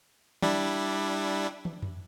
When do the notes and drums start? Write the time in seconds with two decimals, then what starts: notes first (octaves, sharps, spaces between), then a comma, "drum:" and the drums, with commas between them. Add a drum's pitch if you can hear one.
0.42 G3 D4 E4, drum: tom
1.65 drum: tom
1.82 drum: tom F2